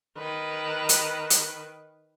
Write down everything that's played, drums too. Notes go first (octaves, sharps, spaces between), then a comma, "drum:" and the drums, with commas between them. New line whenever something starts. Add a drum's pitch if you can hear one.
D#3 B4
drum: hi-hat
drum: hi-hat